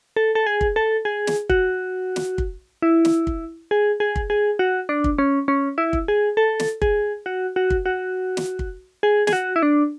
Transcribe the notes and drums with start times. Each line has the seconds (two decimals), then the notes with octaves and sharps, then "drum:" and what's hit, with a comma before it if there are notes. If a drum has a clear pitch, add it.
0.16 A4
0.35 A4
0.46 G#4
0.61 drum: kick
0.76 A4
1.05 G#4
1.27 drum: snare
1.50 F#4, drum: kick
2.16 drum: snare
2.38 drum: kick
2.82 E4
3.05 drum: snare
3.27 drum: kick
3.71 G#4
4.00 G#4
4.16 drum: kick
4.30 G#4
4.59 F#4
4.89 D4
5.04 drum: kick
5.18 C#4
5.48 C#4
5.78 E4
5.93 drum: kick
6.08 G#4
6.37 A4
6.60 drum: snare
6.82 G#4, drum: kick
7.26 F#4
7.56 F#4
7.70 drum: kick
7.86 F#4
8.37 drum: snare
8.59 drum: kick
9.03 G#4
9.27 G#4, drum: snare
9.33 F#4
9.56 E4
9.63 D4